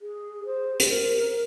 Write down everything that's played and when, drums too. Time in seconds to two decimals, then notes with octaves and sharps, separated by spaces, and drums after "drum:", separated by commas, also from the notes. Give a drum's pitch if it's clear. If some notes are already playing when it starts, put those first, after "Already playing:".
0.01 G#4
0.46 C5
0.80 drum: hi-hat
0.89 A#4